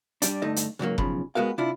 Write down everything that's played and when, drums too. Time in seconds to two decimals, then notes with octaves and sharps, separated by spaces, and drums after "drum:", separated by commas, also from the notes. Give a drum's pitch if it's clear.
0.22 G3 D4, drum: hi-hat
0.42 D2 G2 A3 D#4 D#5
0.56 drum: hi-hat
0.79 C#2 G#2 F#3 A#3
0.98 B1 C#3 F3 B5, drum: kick F#1
1.35 G#3 B3 F#4 A#4 F5
1.58 C3 D4 E4 F4